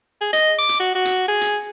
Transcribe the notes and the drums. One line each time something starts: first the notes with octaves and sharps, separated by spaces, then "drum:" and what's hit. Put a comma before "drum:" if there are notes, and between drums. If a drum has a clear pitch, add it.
G#4
D#5, drum: hi-hat
D6
drum: hi-hat
F#4
F#4
drum: hi-hat
G#4
drum: hi-hat